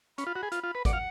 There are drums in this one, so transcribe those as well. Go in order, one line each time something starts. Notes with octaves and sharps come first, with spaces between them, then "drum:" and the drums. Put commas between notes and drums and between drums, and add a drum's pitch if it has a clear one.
C#4 B5, drum: hi-hat
F4
F#4
G#4
F4, drum: hi-hat
F4
B4
D5 F#5, drum: kick G#1, hi-hat
F5